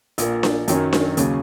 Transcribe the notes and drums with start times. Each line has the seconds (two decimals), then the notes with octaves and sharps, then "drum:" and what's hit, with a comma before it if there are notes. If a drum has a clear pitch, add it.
0.18 A#1 A#2 A#3, drum: hi-hat
0.43 drum: snare D4
0.68 F#2 D#3 F#3 C#4, drum: hi-hat
0.93 drum: snare D4
1.17 D#2 C#3 F#3, drum: hi-hat